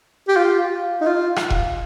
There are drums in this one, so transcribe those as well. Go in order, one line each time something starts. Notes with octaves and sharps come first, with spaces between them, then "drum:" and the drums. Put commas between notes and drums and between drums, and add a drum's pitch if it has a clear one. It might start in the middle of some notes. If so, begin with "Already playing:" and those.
G4
F4
D#4
F4
drum: rim click
drum: kick E1